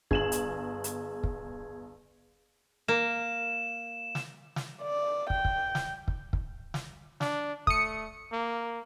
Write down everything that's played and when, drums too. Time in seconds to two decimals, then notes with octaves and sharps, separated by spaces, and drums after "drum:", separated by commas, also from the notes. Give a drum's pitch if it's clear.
0.11 G1 G#4 E7 F#7, drum: kick
0.32 drum: hi-hat
0.84 drum: hi-hat
1.24 drum: kick
2.88 A#3 E7
4.15 drum: snare
4.56 drum: snare
4.82 D5
5.30 G5, drum: kick
5.45 drum: kick
5.75 drum: snare
6.08 drum: kick
6.33 drum: kick
6.74 drum: snare
7.21 D4, drum: snare
7.67 A3 D#6 C#7, drum: kick
8.33 A#3